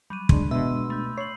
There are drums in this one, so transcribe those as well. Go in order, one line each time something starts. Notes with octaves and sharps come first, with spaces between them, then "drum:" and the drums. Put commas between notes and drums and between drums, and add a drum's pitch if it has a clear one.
F#3 G3 B5 D#7
G#3 D4 C6, drum: kick
B2 E5 C6 E6 D#7
A3 B5 G6
C#5 C7 F#7